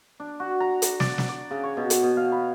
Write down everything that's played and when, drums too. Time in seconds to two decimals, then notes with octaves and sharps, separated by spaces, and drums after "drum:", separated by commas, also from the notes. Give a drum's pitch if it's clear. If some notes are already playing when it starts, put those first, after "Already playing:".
0.20 D4
0.40 F#4
0.60 A#5
0.82 drum: hi-hat
1.00 D5, drum: snare
1.18 drum: snare
1.29 D5
1.51 C#3
1.64 C#5
1.77 B2
1.90 drum: hi-hat
2.03 B2
2.17 F5
2.32 B5